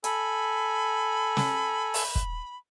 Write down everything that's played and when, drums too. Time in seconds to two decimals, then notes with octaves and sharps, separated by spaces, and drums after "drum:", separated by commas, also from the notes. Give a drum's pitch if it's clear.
0.04 A4 G#5 B5, drum: hi-hat
1.37 drum: snare
1.94 drum: open hi-hat
2.15 drum: kick